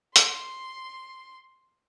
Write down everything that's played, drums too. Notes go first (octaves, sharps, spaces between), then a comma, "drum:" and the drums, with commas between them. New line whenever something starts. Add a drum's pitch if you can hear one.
C6, drum: hi-hat